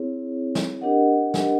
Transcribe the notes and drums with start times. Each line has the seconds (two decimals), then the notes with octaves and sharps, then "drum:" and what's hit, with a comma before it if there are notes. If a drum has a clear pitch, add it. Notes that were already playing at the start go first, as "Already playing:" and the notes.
Already playing: C4 E4 G#4 C#5
0.55 drum: snare
0.81 D4 G4 A#4 D#5 F#5
1.34 drum: snare